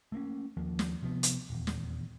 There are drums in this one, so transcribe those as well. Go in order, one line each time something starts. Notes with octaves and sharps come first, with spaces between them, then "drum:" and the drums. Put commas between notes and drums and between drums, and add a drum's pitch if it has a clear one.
A3 A#3 C4 C#4
D#2 F3 A#3
drum: snare
C3 F3 B3
drum: hi-hat
D#1 E2
drum: snare